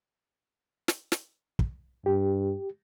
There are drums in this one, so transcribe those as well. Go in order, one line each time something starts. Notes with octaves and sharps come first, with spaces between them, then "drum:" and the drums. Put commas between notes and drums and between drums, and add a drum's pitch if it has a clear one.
drum: snare
drum: snare
drum: kick
G2 G4